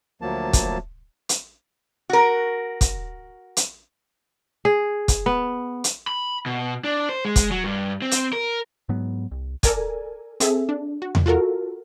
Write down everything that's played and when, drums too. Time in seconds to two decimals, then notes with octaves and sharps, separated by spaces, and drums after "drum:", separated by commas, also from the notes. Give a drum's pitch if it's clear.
0.21 D2 F3 F#3 A#3 A5
0.53 drum: kick, hi-hat
1.29 drum: hi-hat
2.09 F#4 A#4
2.81 drum: kick, hi-hat
3.57 drum: hi-hat
4.65 G#4
5.08 drum: kick, hi-hat
5.26 B3
5.84 drum: hi-hat
6.07 B5
6.46 B2
6.84 D4
7.09 C5
7.25 G#3
7.36 drum: kick, hi-hat
7.51 F#3
7.64 G2
8.02 C4
8.11 drum: hi-hat
8.33 A#4
8.89 G#2 F#3 B3
9.31 C2
9.63 A4 A#4 D5 G#5, drum: kick, hi-hat
10.40 C4 G#4 A4 E5, drum: hi-hat
10.69 D4
11.02 F#4
11.15 drum: tom E2
11.26 F4 F#4 A4 A#4